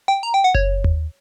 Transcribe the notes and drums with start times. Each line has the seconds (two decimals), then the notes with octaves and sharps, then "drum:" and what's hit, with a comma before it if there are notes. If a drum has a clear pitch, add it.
0.08 G5
0.23 A#5
0.34 G5
0.44 F#5
0.55 C#5, drum: kick F#1
0.84 drum: tom D#2